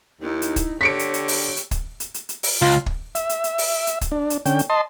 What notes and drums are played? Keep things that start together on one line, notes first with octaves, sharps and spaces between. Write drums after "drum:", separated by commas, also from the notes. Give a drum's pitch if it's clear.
D#2 D#4 E4
drum: hi-hat
drum: kick, hi-hat
D3 G4 C#5 B6 C#7 D7
drum: hi-hat
drum: hi-hat
drum: open hi-hat
drum: hi-hat
drum: kick, hi-hat
drum: hi-hat
drum: hi-hat
drum: hi-hat
drum: open hi-hat
C#2 F4
drum: kick
E5, drum: hi-hat
drum: hi-hat
drum: hi-hat
drum: open hi-hat
drum: hi-hat
drum: kick, hi-hat
D4
drum: hi-hat
D3 C#4 G5, drum: hi-hat
drum: hi-hat
D#5 A5 C6